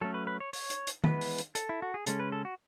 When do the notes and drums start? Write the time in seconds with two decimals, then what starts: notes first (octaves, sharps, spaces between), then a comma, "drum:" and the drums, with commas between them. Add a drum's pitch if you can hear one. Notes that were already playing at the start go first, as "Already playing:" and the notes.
0.01 F#3 A3 C#4 A4
0.14 B4
0.27 B4
0.40 C#5
0.53 C#5, drum: open hi-hat
0.70 drum: hi-hat
0.87 drum: hi-hat
1.04 E3 G#3 B3 B4, drum: tom D#3
1.21 drum: open hi-hat
1.38 drum: hi-hat
1.55 A4, drum: hi-hat
1.69 E4
1.82 F#4
1.94 G#4
2.06 C#3 G#3 C#4 A4, drum: hi-hat
2.19 B4
2.32 A4
2.45 F#4